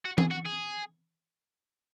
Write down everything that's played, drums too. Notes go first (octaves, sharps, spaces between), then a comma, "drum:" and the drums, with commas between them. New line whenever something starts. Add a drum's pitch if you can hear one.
F#4
G#4, drum: tom E3
F#4
G#4